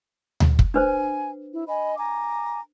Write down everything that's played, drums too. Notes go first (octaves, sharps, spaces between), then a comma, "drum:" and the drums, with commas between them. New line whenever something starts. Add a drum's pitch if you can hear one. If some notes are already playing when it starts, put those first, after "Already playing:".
drum: tom D2
drum: kick
D4 B4 C5 G#5
E4
D#5 G#5 B5
G#5 A#5 D6